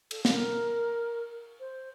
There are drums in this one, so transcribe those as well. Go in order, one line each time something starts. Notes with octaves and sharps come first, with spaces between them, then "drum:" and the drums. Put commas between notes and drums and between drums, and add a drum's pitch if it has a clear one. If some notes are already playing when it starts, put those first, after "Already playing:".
A4, drum: cymbal
A4, drum: snare
A#4
C5